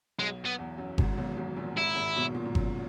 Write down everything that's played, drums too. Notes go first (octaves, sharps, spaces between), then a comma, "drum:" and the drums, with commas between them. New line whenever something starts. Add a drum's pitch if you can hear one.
B1 B2 G#3
B3
E2
F#2
G#1 G#2, drum: kick G1
B1 B2
B1 B2
A#1 A#2
G#1 G#2 E4
G#1 G#2
B1 B2
A#2
G#2
F#2, drum: kick G1